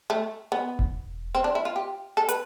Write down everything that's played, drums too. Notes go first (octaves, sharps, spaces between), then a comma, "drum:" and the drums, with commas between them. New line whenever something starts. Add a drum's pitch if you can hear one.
A3
B3
drum: kick E1
C4
D4
E4
F4
G4
A4
B4, drum: hi-hat